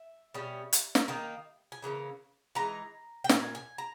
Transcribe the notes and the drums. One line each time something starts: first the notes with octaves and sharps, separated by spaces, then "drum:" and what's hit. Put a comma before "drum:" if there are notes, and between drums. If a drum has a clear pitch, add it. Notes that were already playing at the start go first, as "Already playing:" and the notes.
Already playing: E5
B2 G3 C#4
drum: hi-hat
drum: snare
D#3 A#3 D#4
G#5
C#3 E3 A#3 C#4
E3 G#3 D#4 A#5
G5
A#2 A#3 G#5, drum: snare
G#5
A#5